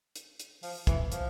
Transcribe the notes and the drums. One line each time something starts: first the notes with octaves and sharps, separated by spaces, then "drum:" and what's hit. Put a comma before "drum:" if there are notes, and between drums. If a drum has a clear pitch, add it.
drum: hi-hat
drum: hi-hat
F3, drum: open hi-hat
E3, drum: kick, hi-hat
F3, drum: hi-hat